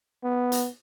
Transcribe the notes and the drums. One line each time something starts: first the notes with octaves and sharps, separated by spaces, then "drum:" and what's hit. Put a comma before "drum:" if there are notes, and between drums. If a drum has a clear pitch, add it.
B3
drum: hi-hat